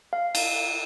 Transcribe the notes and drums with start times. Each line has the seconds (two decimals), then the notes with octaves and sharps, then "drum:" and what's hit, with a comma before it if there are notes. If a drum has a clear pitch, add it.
0.13 F5
0.35 drum: cymbal